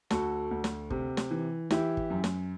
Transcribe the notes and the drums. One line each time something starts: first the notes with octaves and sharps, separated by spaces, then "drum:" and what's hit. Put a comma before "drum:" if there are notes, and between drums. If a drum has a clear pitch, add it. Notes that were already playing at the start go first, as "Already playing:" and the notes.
D2 F#4 A4, drum: snare
D2
drum: snare
C3, drum: kick
drum: snare
E3
E3 E4 G4, drum: snare
drum: kick
F#2
drum: snare